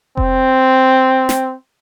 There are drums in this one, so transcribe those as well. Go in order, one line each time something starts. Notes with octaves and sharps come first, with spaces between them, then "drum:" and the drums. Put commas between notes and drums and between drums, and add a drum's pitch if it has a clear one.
C4, drum: kick F1
drum: snare